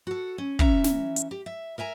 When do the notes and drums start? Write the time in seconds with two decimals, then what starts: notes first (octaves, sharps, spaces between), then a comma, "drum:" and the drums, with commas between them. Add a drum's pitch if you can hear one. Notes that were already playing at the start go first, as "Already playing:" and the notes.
0.07 F#4 A4
0.38 C#4
0.59 E3 C#4 E5 A#5, drum: kick
0.84 drum: snare
1.16 drum: hi-hat
1.31 G4
1.46 E5
1.78 A#4 E5 G#5 A#5